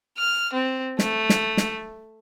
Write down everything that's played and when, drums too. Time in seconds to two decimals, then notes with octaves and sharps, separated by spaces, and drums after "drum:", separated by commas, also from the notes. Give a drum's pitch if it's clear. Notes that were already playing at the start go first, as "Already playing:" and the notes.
0.18 F6
0.53 C4
0.99 A3, drum: snare
1.29 drum: snare
1.57 drum: snare